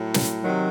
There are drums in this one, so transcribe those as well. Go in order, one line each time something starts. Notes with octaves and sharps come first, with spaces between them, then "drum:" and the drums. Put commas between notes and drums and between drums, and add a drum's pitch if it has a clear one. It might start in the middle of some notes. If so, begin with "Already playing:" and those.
Already playing: A2 F#3
drum: snare
C3 D#3 F#3